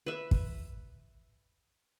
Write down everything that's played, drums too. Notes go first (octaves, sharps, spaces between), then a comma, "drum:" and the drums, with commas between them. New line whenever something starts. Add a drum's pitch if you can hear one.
B4 E5
drum: kick